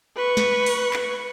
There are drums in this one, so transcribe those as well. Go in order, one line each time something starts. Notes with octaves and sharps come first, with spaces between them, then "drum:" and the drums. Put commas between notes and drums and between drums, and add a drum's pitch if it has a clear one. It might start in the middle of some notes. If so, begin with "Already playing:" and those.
B4 C#6
drum: snare
drum: open hi-hat
drum: clap